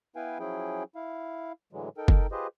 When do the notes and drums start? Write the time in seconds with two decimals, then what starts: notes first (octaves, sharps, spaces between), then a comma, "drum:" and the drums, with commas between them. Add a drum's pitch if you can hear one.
0.16 B3 E4 B4 F5 G5 G#5
0.39 F3 F#3 C#4 E4 G#4 G5
0.96 E4 F5
1.73 A2 D3 E3 F#3 G#3
1.97 D#4 A4 A#4 G5
2.08 drum: kick F#1
2.32 F4 G4 G#4 B4 C5 D#5